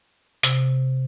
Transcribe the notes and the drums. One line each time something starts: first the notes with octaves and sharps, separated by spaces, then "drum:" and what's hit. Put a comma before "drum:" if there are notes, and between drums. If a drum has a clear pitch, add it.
C3, drum: hi-hat